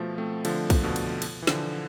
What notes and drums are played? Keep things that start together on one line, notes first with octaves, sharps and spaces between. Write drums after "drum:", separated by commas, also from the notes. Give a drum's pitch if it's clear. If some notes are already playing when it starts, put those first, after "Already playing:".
Already playing: B2 F3 A3
A3 C4
D3 F3, drum: cymbal
drum: kick, cymbal
B2 D3
drum: cymbal
drum: cymbal
E3
D3 F3, drum: snare